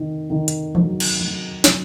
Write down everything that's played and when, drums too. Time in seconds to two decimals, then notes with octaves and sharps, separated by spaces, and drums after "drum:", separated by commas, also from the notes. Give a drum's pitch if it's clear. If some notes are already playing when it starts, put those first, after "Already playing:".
Already playing: D#3
0.30 D#3
0.48 drum: hi-hat
0.75 F#3, drum: tom E3
1.00 drum: cymbal
1.20 F#3
1.64 F#3, drum: snare